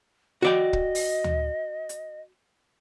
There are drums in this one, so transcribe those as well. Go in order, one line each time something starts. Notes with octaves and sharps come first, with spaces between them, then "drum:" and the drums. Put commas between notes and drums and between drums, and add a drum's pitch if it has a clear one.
F#4 D5 D#5 G5
drum: kick
drum: open hi-hat
drum: tom D2
drum: hi-hat